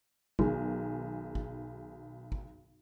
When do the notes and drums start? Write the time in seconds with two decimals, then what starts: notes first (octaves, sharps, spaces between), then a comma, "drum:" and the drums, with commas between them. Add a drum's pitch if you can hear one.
0.39 B1 D#3 G#4, drum: kick
1.35 drum: kick
2.32 drum: kick